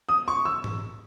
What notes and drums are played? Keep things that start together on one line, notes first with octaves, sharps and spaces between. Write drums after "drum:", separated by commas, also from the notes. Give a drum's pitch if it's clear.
D#6
C#6
E6
drum: tom G#2